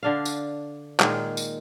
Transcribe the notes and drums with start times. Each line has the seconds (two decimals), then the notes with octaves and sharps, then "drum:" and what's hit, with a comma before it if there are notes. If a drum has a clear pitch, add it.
0.03 D3 D4 F5
0.25 drum: tambourine
1.00 A#2 D#3 G#3, drum: clap
1.37 drum: tambourine